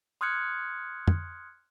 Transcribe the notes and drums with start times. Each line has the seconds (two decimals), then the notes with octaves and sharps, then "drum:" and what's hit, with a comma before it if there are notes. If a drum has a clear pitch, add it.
0.21 C6 D#6 F6 F#6 G#6 C#7
1.07 drum: tom